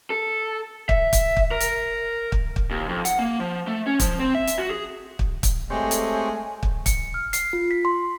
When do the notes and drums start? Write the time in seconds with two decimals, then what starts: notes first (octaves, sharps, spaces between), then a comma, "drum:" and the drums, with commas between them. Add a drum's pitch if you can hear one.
0.10 A4
0.89 E5, drum: kick
1.13 drum: kick, hi-hat
1.37 drum: kick
1.51 A#4
1.60 drum: hi-hat
2.32 drum: kick
2.56 drum: kick
2.71 D#2
2.89 F2
3.05 F#5, drum: hi-hat
3.19 A#3
3.40 F3
3.67 A3
3.87 C#4
4.00 F3, drum: kick, hi-hat
4.19 C4
4.35 E5
4.47 drum: hi-hat
4.58 F#4
4.71 G#4
5.19 drum: kick
5.43 drum: kick, hi-hat
5.70 G#3 A3 C4 G4 C#5 G#5
5.91 drum: hi-hat
6.63 drum: kick
6.86 C#7, drum: kick, hi-hat
7.14 F6
7.33 C7, drum: hi-hat
7.53 F4
7.71 B6
7.85 C6